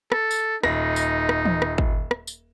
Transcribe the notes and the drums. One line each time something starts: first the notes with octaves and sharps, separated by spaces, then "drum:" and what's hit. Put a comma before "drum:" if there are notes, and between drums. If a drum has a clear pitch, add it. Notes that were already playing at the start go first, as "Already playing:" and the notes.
A4, drum: rim click
drum: tambourine
D#1 D#4 A#6, drum: rim click
drum: tambourine
drum: rim click
drum: tom
drum: rim click
drum: kick
drum: rim click
drum: tambourine